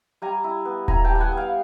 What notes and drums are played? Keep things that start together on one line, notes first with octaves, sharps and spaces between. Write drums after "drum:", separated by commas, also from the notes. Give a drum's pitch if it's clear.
G3 G#5 A#5
E4
B3
E4 G#5 A#5, drum: kick D#1
G5 A5
G3
G5
F#5 G#5
B3
F5 G5